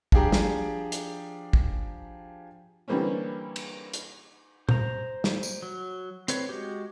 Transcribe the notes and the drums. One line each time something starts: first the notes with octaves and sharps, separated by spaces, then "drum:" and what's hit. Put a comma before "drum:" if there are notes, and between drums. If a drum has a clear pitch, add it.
F3 D4 G4 G#4 G5 A#5, drum: kick
drum: snare
drum: hi-hat
drum: kick
D3 E3 G3 A#3 C4 C#4
drum: cymbal
drum: hi-hat
C5 A#5, drum: tom A#2
drum: snare
drum: tambourine
F#3
C4 B4 C#5, drum: hi-hat
G#3 F#4 G4